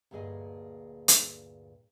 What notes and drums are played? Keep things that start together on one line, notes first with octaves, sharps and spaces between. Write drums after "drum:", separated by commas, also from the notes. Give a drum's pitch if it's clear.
D2 G2 A#2 G#4 D#5 G#5
drum: hi-hat